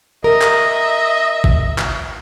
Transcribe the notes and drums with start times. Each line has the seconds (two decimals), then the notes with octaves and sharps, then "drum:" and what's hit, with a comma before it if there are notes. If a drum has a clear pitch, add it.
0.24 A#4 D#5 E5
0.41 drum: clap
1.44 drum: kick G#1
1.78 drum: clap